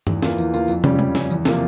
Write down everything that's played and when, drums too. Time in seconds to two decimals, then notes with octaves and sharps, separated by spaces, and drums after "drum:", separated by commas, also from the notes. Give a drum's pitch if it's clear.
0.07 E2, drum: tom G2
0.22 E3 A#3 F4, drum: snare
0.38 E2, drum: tambourine
0.54 E3 A#3 F4, drum: tambourine
0.68 F2, drum: tambourine
0.84 C#3 G3 C#4, drum: tom
0.99 F2, drum: tom
1.15 C#3 G3 C#4, drum: snare
1.30 E2, drum: tambourine
1.45 C3 F3 A#3 F4, drum: snare